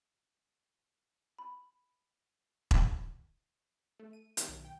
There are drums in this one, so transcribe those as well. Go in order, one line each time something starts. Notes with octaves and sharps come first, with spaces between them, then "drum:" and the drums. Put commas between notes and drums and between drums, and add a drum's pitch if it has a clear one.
B5
drum: kick E1
A3
D#7
D#3, drum: hi-hat
B1
G5